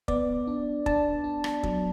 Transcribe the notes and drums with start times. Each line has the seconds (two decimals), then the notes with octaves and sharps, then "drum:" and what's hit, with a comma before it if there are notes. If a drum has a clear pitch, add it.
0.08 B3 D5, drum: kick
0.47 D4
0.86 D4 A5, drum: kick
1.24 D4
1.44 drum: rim click
1.63 F#3, drum: kick